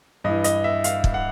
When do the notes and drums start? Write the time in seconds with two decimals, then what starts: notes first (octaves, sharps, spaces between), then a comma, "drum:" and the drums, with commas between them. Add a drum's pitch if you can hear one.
0.24 G2 E3 D#5
0.44 D#5, drum: hi-hat
0.64 E5
0.84 F5, drum: hi-hat
1.04 drum: kick
1.14 F#5